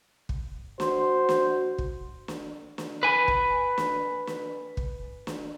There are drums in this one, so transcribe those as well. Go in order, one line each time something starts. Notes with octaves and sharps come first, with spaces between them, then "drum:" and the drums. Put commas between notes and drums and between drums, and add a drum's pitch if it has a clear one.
drum: kick
F#4 C5, drum: snare
drum: snare
drum: kick
drum: snare
drum: snare
B4 G#5
drum: kick
drum: snare
drum: snare
drum: kick
drum: snare